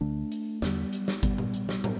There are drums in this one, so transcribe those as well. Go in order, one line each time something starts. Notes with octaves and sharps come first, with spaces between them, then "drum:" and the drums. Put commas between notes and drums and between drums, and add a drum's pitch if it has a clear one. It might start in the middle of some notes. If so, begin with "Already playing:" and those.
D2 D3 A3 D4
drum: hi-hat
E2 D3 G3 B3, drum: snare
drum: hi-hat
drum: snare
G2 D3 G3 B3, drum: kick, hi-hat
drum: tom A#2
drum: hi-hat
drum: snare
drum: tom